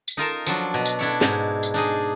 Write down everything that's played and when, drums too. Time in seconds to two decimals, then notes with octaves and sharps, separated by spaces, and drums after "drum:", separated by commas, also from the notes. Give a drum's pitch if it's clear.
0.08 drum: tambourine
0.17 D#4 F4 A#4 A5
0.47 F3 F#3 D4, drum: tambourine
0.74 B2
0.85 drum: tambourine
0.99 D4 E4 C#5
1.21 G#2, drum: snare
1.63 drum: tambourine
1.74 D4 D#4 G#4